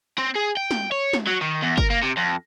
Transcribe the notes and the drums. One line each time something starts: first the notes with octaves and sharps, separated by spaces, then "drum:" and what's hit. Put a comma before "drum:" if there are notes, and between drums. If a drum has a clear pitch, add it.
C4
G#4
G5
drum: snare
C#5
drum: snare
F#3
D#3
E2
A#4, drum: kick
A#3
C3
F2